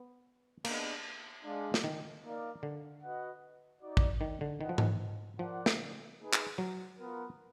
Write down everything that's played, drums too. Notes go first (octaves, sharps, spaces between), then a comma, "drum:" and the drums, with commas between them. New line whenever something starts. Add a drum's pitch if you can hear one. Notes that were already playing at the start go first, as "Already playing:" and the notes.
Already playing: B3
A#3 B3 D4 G#4 D#5, drum: cymbal
G#3 D4 G#4 D5 F5
drum: snare
D#3
A#3 D#4 A#4 D5 F5
D3
F#4 B4 D#5 F#5
D#4 F#4 D5
drum: kick
D#3
D3
D#3 F4 B4 D#5 F#5
F3
D#3, drum: tom G#2
F3 F4 A#4 D5 F#5
drum: snare
D#4 G#4 B4
drum: clap
F#3
B3 F4 A#4